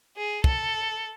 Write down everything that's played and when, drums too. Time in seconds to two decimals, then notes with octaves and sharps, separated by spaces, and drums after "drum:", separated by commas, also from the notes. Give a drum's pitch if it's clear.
0.17 G#4
0.44 A4, drum: kick